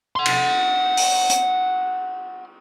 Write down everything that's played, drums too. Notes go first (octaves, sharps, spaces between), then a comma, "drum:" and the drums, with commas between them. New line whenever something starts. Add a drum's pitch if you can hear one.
F#5 C6
drum: cymbal
drum: open hi-hat
drum: hi-hat